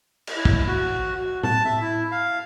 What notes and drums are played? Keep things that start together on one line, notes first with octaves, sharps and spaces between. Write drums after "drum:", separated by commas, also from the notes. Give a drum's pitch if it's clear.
drum: cymbal
E4
drum: kick
F#4
A5, drum: tom A2
E5
E4
F5